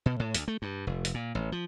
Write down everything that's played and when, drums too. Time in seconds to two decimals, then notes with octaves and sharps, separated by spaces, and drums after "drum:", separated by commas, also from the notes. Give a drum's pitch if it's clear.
0.06 B2
0.20 A2
0.35 D2, drum: hi-hat
0.48 A3
0.62 G2
0.87 F1
1.05 drum: hi-hat
1.14 A#2
1.35 A1
1.52 F3